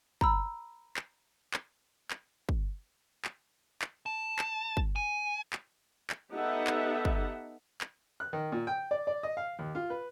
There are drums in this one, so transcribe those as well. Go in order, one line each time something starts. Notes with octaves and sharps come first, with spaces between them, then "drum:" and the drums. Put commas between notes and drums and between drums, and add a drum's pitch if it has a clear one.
A#5 B5 E6, drum: kick
drum: clap
drum: clap
drum: clap
drum: kick
drum: clap
drum: clap
A5
drum: clap
drum: kick
G#5
drum: clap
drum: clap
B3 D#4 G4 A4 E5 F#5
drum: clap
drum: kick
drum: clap
F#6
D#3
A#2
G5
D5
D5
D#5
F5
D#2
F4
B4